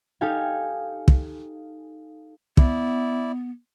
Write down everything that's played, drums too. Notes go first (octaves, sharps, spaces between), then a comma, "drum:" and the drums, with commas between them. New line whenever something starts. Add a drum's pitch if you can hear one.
D#4 G4 A4 F5 G#5
drum: kick
B3 E4 D5, drum: kick